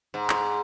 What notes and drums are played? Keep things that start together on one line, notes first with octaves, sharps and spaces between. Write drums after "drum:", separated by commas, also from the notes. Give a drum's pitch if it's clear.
G#2
drum: clap